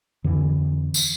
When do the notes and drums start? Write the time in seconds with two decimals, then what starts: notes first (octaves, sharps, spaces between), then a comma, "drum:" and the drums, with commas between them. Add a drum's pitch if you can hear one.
0.24 F2 D3 E3
0.94 drum: tambourine